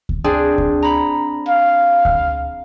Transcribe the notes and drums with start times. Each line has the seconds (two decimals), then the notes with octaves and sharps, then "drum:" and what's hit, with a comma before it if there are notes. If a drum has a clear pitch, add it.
0.09 drum: kick D2
0.24 C4 D4 G#4
0.58 drum: kick D2
0.82 A#5 B5
1.49 F5
2.05 drum: kick D2